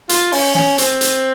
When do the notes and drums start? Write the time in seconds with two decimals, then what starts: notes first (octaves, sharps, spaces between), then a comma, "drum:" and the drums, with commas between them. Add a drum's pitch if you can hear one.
0.09 F4, drum: hi-hat
0.32 C#4, drum: open hi-hat
0.55 C#4, drum: snare
0.78 C4, drum: hi-hat
1.01 drum: hi-hat